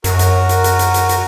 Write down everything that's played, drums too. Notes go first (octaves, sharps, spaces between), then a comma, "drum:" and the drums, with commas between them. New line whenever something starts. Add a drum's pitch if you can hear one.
F#2 F#4 A#4, drum: hi-hat
drum: hi-hat
drum: hi-hat
drum: hi-hat
drum: hi-hat
drum: hi-hat
drum: hi-hat